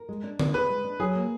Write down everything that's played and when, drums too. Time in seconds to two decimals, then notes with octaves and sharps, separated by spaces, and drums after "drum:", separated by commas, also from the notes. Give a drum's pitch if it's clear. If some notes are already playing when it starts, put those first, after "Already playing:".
Already playing: A#4
0.09 G#3
0.24 D4
0.40 D#3, drum: tom D3
0.54 G#4 B4
0.69 G#3
0.84 D4
1.00 F#3 G#4
1.15 A#3